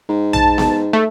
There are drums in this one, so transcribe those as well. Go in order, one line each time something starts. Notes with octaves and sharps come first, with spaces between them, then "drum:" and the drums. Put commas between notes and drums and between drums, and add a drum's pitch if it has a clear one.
G#2
A5, drum: tom A#1
drum: snare B3
A3